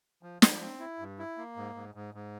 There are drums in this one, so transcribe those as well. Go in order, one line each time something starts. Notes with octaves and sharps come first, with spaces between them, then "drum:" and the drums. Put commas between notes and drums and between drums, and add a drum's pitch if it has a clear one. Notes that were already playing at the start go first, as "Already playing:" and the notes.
F3
F3, drum: snare
C4
E4
G2
E4
A#3
G#2
G#2
G#2
G#2